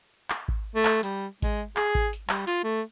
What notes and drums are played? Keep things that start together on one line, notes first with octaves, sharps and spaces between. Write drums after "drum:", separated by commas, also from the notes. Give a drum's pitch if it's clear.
drum: clap
drum: kick G#1
A3
drum: clap
G3, drum: hi-hat
G#3, drum: kick G#1, hi-hat
G#4, drum: clap
drum: kick G#1
drum: hi-hat
G3, drum: clap
F4, drum: hi-hat
A3